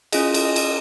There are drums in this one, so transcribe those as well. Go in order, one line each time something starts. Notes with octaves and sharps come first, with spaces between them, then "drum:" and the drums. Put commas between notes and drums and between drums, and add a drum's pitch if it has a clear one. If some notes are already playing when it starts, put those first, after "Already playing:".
C#4 F4 G#4 D#5, drum: cymbal
drum: cymbal
D#5
drum: cymbal